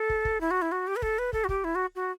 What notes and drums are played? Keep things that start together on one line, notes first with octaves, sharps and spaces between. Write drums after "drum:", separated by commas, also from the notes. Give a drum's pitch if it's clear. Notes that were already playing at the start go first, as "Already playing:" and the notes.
Already playing: A4
drum: kick
drum: kick
E4
F#4
E4
F#4
G4
B4
A4, drum: kick
B4
A4, drum: kick
F#4
G4, drum: kick
E4
F#4
F#4